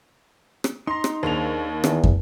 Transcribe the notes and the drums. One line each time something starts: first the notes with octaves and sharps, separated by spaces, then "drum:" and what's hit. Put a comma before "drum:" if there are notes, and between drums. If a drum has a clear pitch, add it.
drum: rim click
D#4 A#5 C6
drum: rim click
D#2 D4 G#4 C5 F7
E2 D#3, drum: rim click
drum: kick